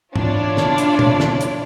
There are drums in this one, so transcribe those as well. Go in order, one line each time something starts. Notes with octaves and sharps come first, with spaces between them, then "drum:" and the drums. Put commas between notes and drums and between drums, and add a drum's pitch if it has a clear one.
D4 E4 F4 C#5 D5, drum: tom
drum: snare
drum: hi-hat
drum: tom
drum: snare
drum: hi-hat